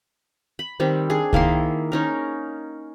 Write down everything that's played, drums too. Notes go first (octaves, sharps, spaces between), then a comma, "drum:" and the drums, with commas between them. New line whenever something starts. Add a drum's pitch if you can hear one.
B5
D#3 G3 C4
D4 G#4
D#3 A#3 E4 C6, drum: kick C2
C#4 D#4 A#4